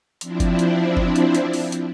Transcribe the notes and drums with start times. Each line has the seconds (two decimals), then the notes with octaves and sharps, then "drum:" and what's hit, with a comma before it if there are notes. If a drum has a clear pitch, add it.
0.21 F3 C4 D4 E4, drum: hi-hat
0.40 drum: kick F#1, hi-hat
0.59 drum: hi-hat
0.97 drum: kick F#1
1.16 drum: hi-hat
1.35 drum: hi-hat
1.53 drum: open hi-hat
1.72 drum: hi-hat